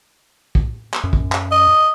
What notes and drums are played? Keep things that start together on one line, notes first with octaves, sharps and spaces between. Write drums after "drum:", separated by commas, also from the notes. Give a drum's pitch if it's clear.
drum: kick
drum: clap
F#2
drum: kick
drum: clap
D#5